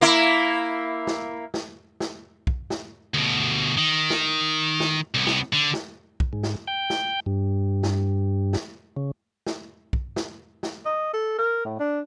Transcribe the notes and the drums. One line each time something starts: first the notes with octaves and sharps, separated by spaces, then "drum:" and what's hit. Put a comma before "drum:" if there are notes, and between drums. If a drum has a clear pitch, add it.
A#3 E4
drum: snare
drum: snare
drum: snare
drum: kick
drum: snare
D2 B2
D#3
drum: snare
drum: snare
C2 B3
drum: snare
D3
drum: snare
drum: kick
G#2
drum: snare
G5
drum: snare
G2
drum: snare
drum: snare
C#3
drum: snare
drum: kick
drum: snare
drum: snare
D#5
A4
A#4
A2
D4